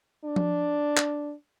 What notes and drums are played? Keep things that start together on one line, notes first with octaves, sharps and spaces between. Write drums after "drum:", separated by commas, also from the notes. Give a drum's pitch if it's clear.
D4
drum: tom F3
drum: clap